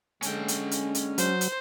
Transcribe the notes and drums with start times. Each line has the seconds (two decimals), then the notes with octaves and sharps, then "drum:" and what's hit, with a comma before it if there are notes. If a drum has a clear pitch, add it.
0.22 D3 G#3 C#4 G5, drum: hi-hat
0.48 drum: hi-hat
0.71 drum: hi-hat
0.95 drum: hi-hat
1.18 F#3 C5, drum: hi-hat
1.41 drum: hi-hat